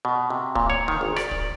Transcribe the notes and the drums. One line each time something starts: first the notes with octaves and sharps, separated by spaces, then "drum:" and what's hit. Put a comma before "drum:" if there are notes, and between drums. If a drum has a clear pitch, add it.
B2
C3
A#2, drum: kick
C#5, drum: kick
D#3
G#1
D5, drum: rim click
drum: kick